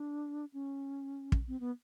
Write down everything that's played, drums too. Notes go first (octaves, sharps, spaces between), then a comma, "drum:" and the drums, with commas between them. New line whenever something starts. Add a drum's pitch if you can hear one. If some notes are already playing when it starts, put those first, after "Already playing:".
Already playing: D4
C#4
drum: kick
C4
B3